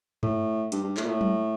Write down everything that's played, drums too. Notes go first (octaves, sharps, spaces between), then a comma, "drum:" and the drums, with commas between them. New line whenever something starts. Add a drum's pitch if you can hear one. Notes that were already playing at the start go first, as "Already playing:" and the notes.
A2, drum: tom G2
G2, drum: hi-hat
G2
A2, drum: clap
A#2
A2
drum: tom F#3